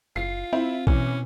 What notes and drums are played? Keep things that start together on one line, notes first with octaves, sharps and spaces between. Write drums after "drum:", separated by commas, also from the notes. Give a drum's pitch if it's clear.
F#1 F4 C7
C4 E4
B2 E3 C#4, drum: kick